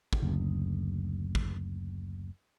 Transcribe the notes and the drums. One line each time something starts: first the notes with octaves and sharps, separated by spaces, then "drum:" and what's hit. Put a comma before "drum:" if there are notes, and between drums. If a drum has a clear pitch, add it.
drum: kick
F#1 D2
drum: kick